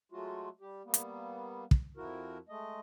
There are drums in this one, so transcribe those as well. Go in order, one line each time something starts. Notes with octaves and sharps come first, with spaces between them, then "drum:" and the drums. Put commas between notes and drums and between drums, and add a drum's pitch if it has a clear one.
F#3 G#3 A3 F4 F#4
G3 G4
G3 A#3 B3
drum: hi-hat
drum: kick
F2 F3 E4 F#4 A#4
G#3 A3 D#5